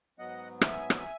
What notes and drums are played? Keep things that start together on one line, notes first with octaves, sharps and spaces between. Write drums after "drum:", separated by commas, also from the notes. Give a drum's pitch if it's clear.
G#2 F#3 B3 D#5 F#5
E5 G#5, drum: rim click
drum: rim click